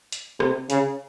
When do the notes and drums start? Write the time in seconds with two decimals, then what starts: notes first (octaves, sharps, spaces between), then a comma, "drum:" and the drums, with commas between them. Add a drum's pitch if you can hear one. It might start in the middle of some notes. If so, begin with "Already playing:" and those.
0.12 drum: hi-hat
0.40 C3, drum: rim click
0.70 C#3, drum: hi-hat